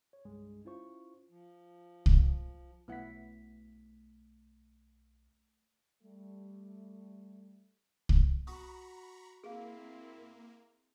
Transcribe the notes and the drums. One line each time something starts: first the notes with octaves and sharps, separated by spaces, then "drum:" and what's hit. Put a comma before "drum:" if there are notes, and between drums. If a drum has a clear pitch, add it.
C#5
C2 G2 G#3 G#4
C#4 E4 F4 C5 C#6
F3
drum: kick C2
B1 A3 B3 E4 F#5 B6
G3 A3
drum: kick C2
F#4 A#5 B5 C#6 D#6
A#3 C4 E4 G#4 F5